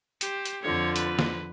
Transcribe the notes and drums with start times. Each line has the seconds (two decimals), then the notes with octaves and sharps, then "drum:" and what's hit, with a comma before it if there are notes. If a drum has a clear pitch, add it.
0.21 G4 C5, drum: hi-hat
0.45 drum: hi-hat
0.62 F2 D3 F3 C#5
0.96 B4, drum: hi-hat
1.19 drum: snare